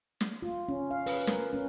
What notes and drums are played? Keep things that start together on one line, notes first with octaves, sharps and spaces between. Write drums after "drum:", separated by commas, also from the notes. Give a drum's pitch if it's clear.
drum: snare
F4
C#4
F5
B4, drum: open hi-hat
A#4, drum: snare
C#4